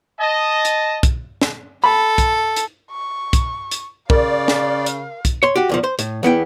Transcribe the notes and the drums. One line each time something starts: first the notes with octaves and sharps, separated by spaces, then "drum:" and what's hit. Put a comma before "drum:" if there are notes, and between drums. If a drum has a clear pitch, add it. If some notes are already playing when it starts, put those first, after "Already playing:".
D#5 A5
drum: hi-hat
drum: kick, hi-hat
drum: snare
A4 B5
drum: kick, hi-hat
drum: hi-hat
C#6
drum: kick, hi-hat
drum: hi-hat
C#3 A#4 D5 F5, drum: kick
drum: snare
drum: hi-hat
drum: kick, hi-hat
C#5 C6
F#4 G4
E2 A#2 F3
C5
A2, drum: hi-hat
E2 B3 E4 G5